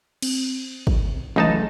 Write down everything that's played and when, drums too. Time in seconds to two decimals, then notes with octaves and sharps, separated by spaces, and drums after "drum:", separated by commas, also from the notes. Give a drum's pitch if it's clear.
0.22 C4, drum: cymbal
0.87 drum: kick
1.36 C#2 E3 F#3 A3 D#4 A5, drum: tom D#3